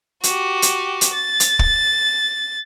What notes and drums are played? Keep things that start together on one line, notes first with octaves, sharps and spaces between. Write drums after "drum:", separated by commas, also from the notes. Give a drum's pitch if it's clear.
F#4 G4, drum: hi-hat
drum: hi-hat
drum: hi-hat
A6
drum: hi-hat
drum: kick